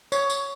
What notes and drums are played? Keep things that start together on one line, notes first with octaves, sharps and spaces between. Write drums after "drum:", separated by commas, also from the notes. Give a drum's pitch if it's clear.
C#5, drum: tambourine
drum: tambourine